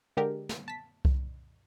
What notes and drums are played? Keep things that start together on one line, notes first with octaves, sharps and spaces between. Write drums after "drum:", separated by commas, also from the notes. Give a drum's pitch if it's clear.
D3 G#3 G4 A#4
drum: snare
A5 B6
drum: kick C2